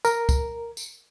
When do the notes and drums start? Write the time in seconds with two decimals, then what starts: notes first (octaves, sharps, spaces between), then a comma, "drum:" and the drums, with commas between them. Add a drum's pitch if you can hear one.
0.05 A#4, drum: tambourine
0.29 drum: kick C2, tambourine
0.77 drum: tambourine